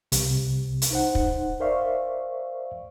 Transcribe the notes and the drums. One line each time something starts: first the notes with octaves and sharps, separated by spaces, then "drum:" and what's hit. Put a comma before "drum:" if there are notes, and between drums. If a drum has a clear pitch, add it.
C2 C3, drum: hi-hat
drum: hi-hat
D#4 C5 F#5
drum: kick
A#4 C5 D5 E5 F5 C#6